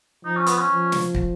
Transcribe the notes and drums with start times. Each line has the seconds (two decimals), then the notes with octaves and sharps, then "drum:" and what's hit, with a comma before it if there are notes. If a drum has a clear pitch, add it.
0.24 F3 D#4
0.36 C#4
0.47 B3, drum: hi-hat
0.57 C#4
0.70 F3
0.92 drum: snare
1.15 drum: kick